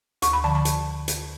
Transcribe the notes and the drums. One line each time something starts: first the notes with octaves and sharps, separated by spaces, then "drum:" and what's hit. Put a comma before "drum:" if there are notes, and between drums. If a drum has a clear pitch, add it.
D2 C#6, drum: hi-hat
B5
D3 F3 A5
A5
drum: hi-hat
drum: hi-hat